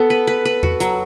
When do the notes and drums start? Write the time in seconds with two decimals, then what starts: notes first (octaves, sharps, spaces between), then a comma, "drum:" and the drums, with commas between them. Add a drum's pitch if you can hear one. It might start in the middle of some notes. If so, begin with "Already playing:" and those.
Already playing: B3 A4
0.10 B4
0.27 B4
0.45 B4
0.63 F#4, drum: tom E2
0.80 F#3, drum: hi-hat